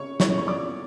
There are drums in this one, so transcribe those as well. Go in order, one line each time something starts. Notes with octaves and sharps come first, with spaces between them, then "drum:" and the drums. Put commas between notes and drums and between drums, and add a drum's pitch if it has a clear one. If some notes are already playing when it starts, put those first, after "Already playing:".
Already playing: C#3 C#5 C#6
C#3 E3 G#3 C#4 C#5 C#6, drum: snare
C#6
D5 D6